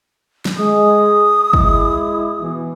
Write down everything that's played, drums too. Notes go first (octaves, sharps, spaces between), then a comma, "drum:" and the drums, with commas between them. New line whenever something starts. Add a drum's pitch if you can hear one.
drum: snare
G#3 D#6
G#3 E4, drum: kick
B2 E3